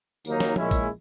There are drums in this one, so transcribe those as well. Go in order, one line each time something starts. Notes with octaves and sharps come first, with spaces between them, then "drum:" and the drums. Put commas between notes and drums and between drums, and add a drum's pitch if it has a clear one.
D#2 D#3 F#3 A#3 D#4, drum: tambourine
drum: snare
A#2 G#3 C#4 E4, drum: tom F3
drum: kick, tambourine